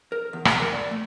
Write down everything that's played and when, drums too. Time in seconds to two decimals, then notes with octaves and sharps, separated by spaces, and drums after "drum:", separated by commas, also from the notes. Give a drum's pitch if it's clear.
0.12 A#4
0.33 E2
0.45 F#5, drum: rim click
0.60 A#4
0.73 D5
0.91 A3